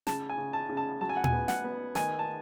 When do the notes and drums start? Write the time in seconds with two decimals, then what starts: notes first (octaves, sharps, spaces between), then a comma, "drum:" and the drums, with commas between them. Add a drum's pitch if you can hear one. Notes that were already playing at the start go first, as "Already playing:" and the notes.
0.07 C#3 A5, drum: snare
0.30 G#5
0.38 C#3
0.53 A5
0.69 C#3
0.77 A5
1.01 F#3 A5
1.09 G#5
1.17 F#5
1.24 G#5, drum: tom A#2
1.32 B3
1.48 F#5, drum: snare
1.64 B3
1.95 D#3 G#5, drum: snare
2.19 A5